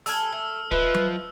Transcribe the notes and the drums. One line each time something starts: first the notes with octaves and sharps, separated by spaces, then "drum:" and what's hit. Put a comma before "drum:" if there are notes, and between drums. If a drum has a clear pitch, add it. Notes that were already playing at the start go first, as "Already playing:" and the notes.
G3 A4 G#5 E6 F6, drum: open hi-hat
A3
F3 B4 D#5 E5, drum: kick
drum: tom F#3